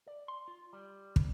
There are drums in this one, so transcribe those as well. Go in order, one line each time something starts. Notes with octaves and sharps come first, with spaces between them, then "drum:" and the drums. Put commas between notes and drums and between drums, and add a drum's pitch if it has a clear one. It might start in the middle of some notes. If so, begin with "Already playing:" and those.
D5
C6
F4
G3
F2, drum: kick